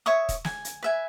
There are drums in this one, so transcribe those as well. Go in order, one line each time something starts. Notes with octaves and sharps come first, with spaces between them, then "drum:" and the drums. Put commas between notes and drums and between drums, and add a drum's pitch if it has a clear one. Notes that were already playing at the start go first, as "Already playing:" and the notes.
C#5 E5 C#6 D#6
drum: kick, hi-hat
G#5, drum: snare
drum: hi-hat
B4 E5 G#5